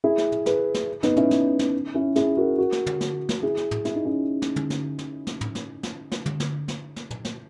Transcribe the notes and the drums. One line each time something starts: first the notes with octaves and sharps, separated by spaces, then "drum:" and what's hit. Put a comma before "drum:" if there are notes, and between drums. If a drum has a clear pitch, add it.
E4 G#4
drum: snare
drum: tom
G#4 B4, drum: snare
drum: snare
B3 D#4, drum: snare
C#4 E4, drum: tom
drum: snare
drum: snare
C#4 E4
E4 G#4, drum: snare
F#4 A#4
F#4 A#4
drum: snare
drum: tom
drum: snare
drum: snare
E4 G#4
drum: snare
drum: tom
E4, drum: snare
D#4
C#4 E4
drum: snare
drum: tom
drum: snare
drum: snare
drum: snare
drum: tom
drum: snare
drum: snare
drum: snare
drum: tom
drum: snare
drum: snare
drum: snare
drum: tom
drum: snare